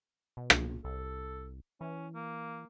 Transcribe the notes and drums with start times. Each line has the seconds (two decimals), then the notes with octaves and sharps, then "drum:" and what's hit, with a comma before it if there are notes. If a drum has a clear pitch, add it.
0.37 B2
0.50 drum: rim click
0.84 C2 A4
1.81 E3 C#4
2.15 A#3